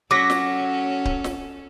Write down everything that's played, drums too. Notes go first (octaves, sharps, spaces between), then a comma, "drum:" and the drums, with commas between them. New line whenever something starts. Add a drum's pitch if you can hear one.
F#3 C#4 A4 D6 A#6 B6
drum: snare
drum: kick C#1
drum: snare